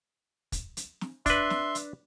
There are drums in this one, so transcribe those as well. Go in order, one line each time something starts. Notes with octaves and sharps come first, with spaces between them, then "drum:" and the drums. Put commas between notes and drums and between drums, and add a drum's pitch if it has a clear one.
drum: kick, hi-hat
drum: hi-hat
drum: snare
D4 B4 E5 C6, drum: kick, hi-hat
drum: snare
drum: hi-hat